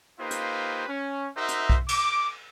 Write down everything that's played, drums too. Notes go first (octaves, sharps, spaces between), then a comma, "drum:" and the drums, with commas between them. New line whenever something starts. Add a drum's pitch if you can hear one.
A#3 D#4 F4 G4 B4 C5
drum: hi-hat
C#4
D#4 F#4 A#4 C5 E5
drum: hi-hat
drum: kick B1
D6, drum: cymbal